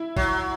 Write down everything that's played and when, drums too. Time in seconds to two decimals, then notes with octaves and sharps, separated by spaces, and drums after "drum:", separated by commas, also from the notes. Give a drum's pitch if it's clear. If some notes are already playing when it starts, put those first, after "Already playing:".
Already playing: E4
0.16 F#3, drum: kick